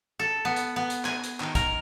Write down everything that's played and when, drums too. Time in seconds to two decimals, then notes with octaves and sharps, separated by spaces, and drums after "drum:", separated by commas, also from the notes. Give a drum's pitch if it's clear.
0.19 A4
0.45 B3
0.56 drum: hi-hat
0.76 B3
0.90 drum: hi-hat
1.05 G#5, drum: clap
1.24 drum: hi-hat
1.40 D#3, drum: clap
1.55 A#4, drum: kick, hi-hat